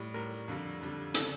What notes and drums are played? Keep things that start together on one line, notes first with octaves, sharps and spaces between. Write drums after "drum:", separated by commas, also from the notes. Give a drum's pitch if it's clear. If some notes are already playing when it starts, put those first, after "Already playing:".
Already playing: A2 G3
A2 G3 A#4
F2 D3 G3
F2 D3 G3
C#3 G3 A4, drum: hi-hat